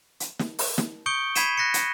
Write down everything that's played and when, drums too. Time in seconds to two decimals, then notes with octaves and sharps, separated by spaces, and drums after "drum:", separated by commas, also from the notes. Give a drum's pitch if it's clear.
0.20 drum: hi-hat
0.39 drum: snare
0.59 drum: open hi-hat
0.78 drum: snare
1.06 C#6 D#6 G6 C#7 D7 G7
1.35 B5 G#6 B6 C7 D#7 E7, drum: hi-hat
1.58 F#6 A#6 B6 C#7
1.74 drum: hi-hat